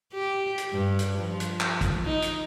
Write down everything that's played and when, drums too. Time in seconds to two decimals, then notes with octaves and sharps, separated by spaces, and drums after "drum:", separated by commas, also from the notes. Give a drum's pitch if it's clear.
0.13 G4
0.58 drum: hi-hat
0.73 G2
0.99 drum: hi-hat
1.19 F3
1.40 drum: hi-hat
1.61 drum: clap
1.81 drum: kick, hi-hat
2.06 D#4
2.22 drum: hi-hat